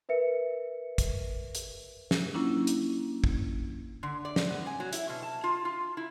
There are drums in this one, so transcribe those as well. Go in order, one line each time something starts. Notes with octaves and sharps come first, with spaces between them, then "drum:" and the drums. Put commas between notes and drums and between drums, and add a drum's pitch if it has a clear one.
A#4 B4 E5 C#7
drum: kick, hi-hat
drum: hi-hat
drum: snare
F#3 A#3 C#4 D4 E4 F4
drum: hi-hat
drum: kick
D3
D5
drum: snare
B3
G#5
F#3
E4, drum: hi-hat
B2
A5
F4
F4
E4